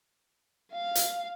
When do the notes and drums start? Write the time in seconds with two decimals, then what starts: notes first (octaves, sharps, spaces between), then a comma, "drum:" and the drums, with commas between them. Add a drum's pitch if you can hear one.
0.73 F5
0.95 drum: hi-hat